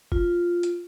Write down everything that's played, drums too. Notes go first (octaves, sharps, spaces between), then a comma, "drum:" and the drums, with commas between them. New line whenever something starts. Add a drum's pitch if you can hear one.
F4, drum: kick
drum: hi-hat